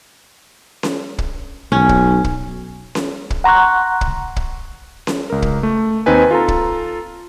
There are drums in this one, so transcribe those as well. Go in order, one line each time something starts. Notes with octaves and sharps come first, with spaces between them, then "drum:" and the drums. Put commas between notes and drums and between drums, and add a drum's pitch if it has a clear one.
drum: snare C#4
drum: kick
B1 C#4
drum: kick
drum: kick
drum: snare C#4
drum: kick
F#5 A#5 C6 C#6 F#6
drum: kick
drum: kick
drum: snare C#4
C#2 A#4
drum: kick
A3
D#2 C4 D#4 B4 G#5
F4 A4 A#5
drum: kick